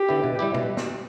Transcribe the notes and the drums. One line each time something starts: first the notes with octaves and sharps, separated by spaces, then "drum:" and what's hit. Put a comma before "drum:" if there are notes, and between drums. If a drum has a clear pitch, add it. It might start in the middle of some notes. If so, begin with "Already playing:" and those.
Already playing: G4
D3 B3 E4
B2
G3 E4 G4
B2, drum: tom
drum: snare